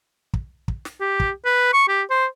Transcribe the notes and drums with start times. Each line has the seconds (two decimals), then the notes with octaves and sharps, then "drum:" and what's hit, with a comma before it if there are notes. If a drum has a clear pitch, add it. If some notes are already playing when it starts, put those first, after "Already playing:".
0.34 drum: kick
0.68 drum: kick
0.85 drum: snare
1.00 G4
1.20 drum: kick
1.45 B4
1.73 C#6
1.89 G4
2.10 C5